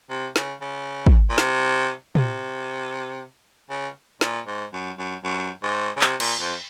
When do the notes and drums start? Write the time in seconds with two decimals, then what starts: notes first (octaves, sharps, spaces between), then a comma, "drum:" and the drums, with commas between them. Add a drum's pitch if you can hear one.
0.10 C3
0.36 C#3, drum: snare
0.61 C#3
1.06 drum: kick
1.29 A#2
1.38 C3, drum: snare
2.15 C3, drum: tom
3.70 C#3
4.21 A#2, drum: snare
4.47 G#2
4.73 F#2
4.98 F#2
5.24 F#2
5.63 G#2
5.96 C#3
6.01 C3, drum: clap
6.20 A#2, drum: cymbal
6.40 F2